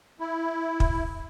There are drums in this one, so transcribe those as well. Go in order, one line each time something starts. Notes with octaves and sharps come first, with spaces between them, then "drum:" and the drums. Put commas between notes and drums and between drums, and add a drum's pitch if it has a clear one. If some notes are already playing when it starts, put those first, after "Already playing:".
E4
drum: kick